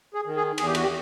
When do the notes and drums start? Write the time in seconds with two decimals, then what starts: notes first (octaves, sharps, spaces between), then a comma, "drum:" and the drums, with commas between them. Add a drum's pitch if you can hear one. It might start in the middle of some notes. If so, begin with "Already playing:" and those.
0.14 G#4
0.25 D#3
0.37 G#4
0.58 E2 G#4, drum: cymbal
0.67 G4
0.75 F#4, drum: cymbal
0.83 G4